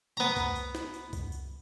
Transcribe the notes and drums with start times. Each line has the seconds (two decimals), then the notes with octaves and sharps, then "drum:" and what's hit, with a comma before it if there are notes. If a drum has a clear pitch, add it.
0.17 B3 A#5
0.36 drum: kick, tambourine
0.56 drum: tambourine
0.75 drum: snare
0.94 drum: tambourine
1.13 drum: kick, tambourine
1.32 drum: tambourine